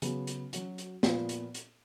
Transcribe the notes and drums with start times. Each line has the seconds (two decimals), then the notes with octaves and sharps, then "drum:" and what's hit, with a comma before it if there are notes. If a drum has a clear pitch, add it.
0.02 C#3 F#3 B3, drum: hi-hat
0.27 drum: hi-hat
0.53 F#3 C#4 F#4, drum: hi-hat
0.78 drum: hi-hat
1.03 A#2 F3 B3 F4, drum: snare
1.29 drum: hi-hat
1.55 drum: hi-hat